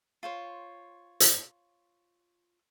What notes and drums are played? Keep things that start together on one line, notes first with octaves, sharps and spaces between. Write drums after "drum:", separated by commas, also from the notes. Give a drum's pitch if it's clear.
F4 C5 C#5
drum: hi-hat